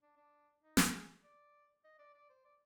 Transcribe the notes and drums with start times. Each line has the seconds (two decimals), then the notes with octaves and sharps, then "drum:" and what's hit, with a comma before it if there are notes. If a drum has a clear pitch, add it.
0.02 D4
0.17 D4
0.63 D#4
0.77 G4, drum: snare
0.93 G#4
1.23 D5
1.84 D#5
1.99 D5
2.14 D5
2.30 C5
2.45 D5